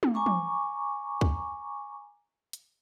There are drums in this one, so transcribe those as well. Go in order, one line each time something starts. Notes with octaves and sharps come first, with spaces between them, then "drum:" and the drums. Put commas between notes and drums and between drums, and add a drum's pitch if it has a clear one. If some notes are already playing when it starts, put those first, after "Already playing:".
drum: tom
G#5 A#5 C#6 D6
drum: tom
drum: kick C#2
drum: hi-hat